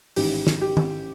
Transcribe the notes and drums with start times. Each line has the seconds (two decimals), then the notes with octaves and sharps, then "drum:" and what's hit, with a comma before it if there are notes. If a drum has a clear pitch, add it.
0.16 A1 G#2 D#3 G4, drum: open hi-hat
0.47 drum: snare
0.61 G4
0.77 drum: tom D#3